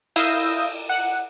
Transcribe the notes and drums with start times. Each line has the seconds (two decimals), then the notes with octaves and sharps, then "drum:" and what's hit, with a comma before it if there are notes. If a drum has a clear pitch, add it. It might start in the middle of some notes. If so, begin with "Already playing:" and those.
0.16 E4 F5 D#6 E6 G6 A#6, drum: cymbal
0.89 F#5